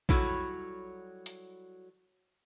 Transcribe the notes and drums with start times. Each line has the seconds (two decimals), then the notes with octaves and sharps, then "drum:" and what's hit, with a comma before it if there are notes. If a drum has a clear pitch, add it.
0.09 F#3 G3 E4 F#4 A4 C#5, drum: kick A#1
1.26 drum: hi-hat